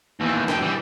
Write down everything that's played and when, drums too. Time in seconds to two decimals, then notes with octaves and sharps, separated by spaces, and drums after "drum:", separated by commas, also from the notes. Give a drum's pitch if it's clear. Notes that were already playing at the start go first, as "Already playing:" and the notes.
0.20 D#2 E3
0.48 F#2 G5, drum: snare
0.62 E3 G3